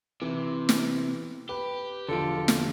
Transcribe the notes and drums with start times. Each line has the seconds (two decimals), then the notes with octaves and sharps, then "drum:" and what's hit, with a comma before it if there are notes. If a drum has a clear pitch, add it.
0.22 C3 E3
0.69 drum: snare
1.49 G4 B4
2.09 E1 D3 F3 F4 A4 D7
2.48 drum: snare